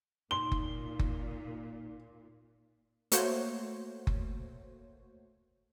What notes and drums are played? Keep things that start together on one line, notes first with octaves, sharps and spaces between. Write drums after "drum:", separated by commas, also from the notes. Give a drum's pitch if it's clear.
A#2 D#4 C6 G7
drum: kick F#1
drum: kick F#1
A3 A#3 F#4 C5 C#5, drum: hi-hat
drum: kick F#1